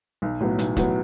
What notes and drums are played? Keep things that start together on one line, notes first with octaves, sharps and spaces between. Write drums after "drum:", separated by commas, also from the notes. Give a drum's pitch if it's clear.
B1
A2 F#3 B3
B1, drum: hi-hat
A2 F#3 B3, drum: kick, hi-hat